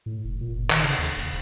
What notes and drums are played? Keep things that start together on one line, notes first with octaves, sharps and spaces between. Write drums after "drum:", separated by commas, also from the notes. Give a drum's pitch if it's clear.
A2
F1
A#2
F#1
D#3, drum: clap
C#3, drum: cymbal
D#2
D#1